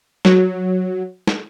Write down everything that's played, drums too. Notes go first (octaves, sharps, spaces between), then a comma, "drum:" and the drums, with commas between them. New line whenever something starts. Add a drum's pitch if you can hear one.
F#3, drum: snare
drum: snare